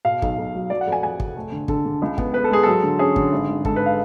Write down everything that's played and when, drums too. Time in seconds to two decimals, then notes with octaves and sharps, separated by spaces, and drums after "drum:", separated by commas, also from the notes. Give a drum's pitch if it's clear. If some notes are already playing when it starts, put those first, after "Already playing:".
0.05 B2 F5
0.22 B1, drum: kick
0.38 B1
0.54 F#3
0.70 F#3 D5
0.81 F#5
0.87 F2
0.92 G#5
1.03 F2 G#5
1.20 F1, drum: kick
1.37 A3
1.52 D3
1.68 D3 A4, drum: kick
1.85 D3
2.02 C#2
2.18 B3, drum: kick
2.33 B3 B4
2.44 A4
2.51 G#3 G#4
2.63 F#3 A4
2.83 D3
2.99 C#4 G#4
3.16 D3, drum: kick
3.32 G#1
3.49 G#1
3.65 G#2 A4, drum: kick
3.76 B4
3.86 F5